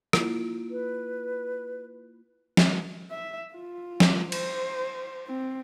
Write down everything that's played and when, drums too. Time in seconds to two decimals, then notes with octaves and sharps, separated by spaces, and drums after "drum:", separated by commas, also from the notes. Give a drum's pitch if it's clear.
0.13 A#3 E4 F4, drum: rim click
0.71 B4
2.57 drum: snare
3.11 E5
3.54 F4
4.00 drum: snare
4.32 C5, drum: cymbal
5.27 C4